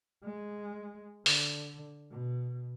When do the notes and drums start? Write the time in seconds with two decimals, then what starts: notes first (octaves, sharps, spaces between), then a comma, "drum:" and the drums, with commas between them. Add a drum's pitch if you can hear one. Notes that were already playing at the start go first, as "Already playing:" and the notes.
0.23 G#3
1.26 D3, drum: open hi-hat
2.10 B2